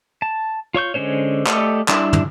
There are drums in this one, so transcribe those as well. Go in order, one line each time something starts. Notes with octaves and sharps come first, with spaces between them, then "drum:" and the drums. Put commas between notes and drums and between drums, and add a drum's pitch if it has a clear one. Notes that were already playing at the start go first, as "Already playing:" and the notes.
A5
F4 C#5 C#6 G6
D3 G#3 C#4 C5 C#5
A3 G4 A4 D5 D#5, drum: clap
G3 D4 E4, drum: clap
drum: tom